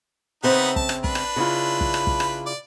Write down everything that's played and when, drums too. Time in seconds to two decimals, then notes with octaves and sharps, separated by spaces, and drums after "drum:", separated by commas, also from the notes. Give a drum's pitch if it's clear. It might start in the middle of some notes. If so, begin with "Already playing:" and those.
0.43 C#3 B3 C4 D#4 E5 F#5
0.76 A5, drum: kick
0.89 drum: rim click
1.04 D4 B4, drum: kick
1.15 drum: rim click
1.36 C#3 E4 F4
1.81 drum: kick
1.94 drum: rim click
2.07 drum: kick
2.20 drum: rim click
2.46 D5